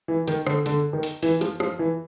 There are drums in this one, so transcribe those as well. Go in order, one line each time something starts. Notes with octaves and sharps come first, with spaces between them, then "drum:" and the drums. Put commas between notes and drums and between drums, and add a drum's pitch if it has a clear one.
E3
D#3, drum: hi-hat
D3, drum: rim click
D3, drum: hi-hat
D#3
drum: hi-hat
E3, drum: open hi-hat
F3, drum: hi-hat
F3, drum: rim click
E3